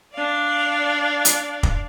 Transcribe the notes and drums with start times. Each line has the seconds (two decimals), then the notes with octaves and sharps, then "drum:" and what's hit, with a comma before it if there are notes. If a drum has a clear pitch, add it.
0.13 D4 D5 F5
1.25 drum: hi-hat
1.63 drum: kick